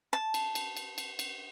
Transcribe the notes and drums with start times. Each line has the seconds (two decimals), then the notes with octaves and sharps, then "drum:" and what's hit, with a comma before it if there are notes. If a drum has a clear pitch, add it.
0.13 A5
0.34 drum: cymbal
0.55 drum: cymbal
0.77 drum: cymbal
0.98 drum: cymbal
1.19 drum: cymbal